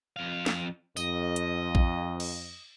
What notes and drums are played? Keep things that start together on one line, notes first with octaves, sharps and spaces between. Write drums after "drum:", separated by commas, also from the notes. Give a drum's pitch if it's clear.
F2 F5
drum: snare
F2 D#5, drum: tambourine
drum: hi-hat
drum: kick A#1
drum: cymbal